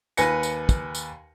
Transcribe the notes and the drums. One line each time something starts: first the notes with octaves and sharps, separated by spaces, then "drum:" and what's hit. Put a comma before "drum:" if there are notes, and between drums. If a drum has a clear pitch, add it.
D#2 B4 G#5 A#6 C#7, drum: tambourine
drum: tambourine
drum: kick, tambourine
drum: tambourine